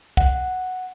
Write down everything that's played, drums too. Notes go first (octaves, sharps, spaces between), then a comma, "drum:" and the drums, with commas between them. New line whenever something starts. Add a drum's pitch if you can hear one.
F#5, drum: kick